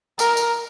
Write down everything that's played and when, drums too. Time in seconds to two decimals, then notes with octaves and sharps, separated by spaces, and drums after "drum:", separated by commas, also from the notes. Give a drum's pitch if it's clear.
0.19 A#4, drum: tambourine
0.37 drum: tambourine